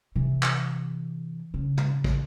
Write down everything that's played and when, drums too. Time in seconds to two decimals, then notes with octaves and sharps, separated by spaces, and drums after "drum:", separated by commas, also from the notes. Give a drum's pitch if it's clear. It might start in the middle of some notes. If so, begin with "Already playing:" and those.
0.16 C3 E3
0.42 drum: clap
1.54 C#3
1.77 drum: tom
2.04 drum: kick